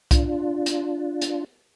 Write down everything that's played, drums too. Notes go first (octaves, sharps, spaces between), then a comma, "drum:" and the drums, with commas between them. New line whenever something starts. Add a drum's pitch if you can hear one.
D4 F4, drum: kick C2, hi-hat
drum: hi-hat
drum: hi-hat